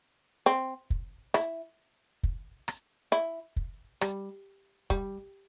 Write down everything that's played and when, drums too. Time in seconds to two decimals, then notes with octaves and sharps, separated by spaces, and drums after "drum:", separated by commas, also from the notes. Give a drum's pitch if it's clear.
0.46 C4
0.90 drum: kick
1.34 E4, drum: rim click
2.23 drum: kick
2.68 drum: rim click
3.12 E4
3.56 drum: kick
4.01 G3, drum: rim click
4.90 G3, drum: kick